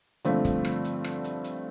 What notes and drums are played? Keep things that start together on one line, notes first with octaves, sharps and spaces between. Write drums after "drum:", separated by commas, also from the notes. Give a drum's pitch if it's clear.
G2 D3 F3 A3 C4, drum: hi-hat
drum: kick, hi-hat
drum: rim click
drum: hi-hat
drum: rim click
drum: hi-hat
drum: hi-hat